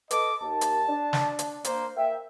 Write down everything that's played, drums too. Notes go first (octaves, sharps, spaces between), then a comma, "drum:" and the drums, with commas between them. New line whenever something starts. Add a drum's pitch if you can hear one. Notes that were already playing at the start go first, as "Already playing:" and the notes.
A4 B4 D#5 D6, drum: hi-hat
D#2 A5
drum: hi-hat
D4
drum: snare
drum: hi-hat
A#3 A#4 C5, drum: hi-hat
A#3 E5 G5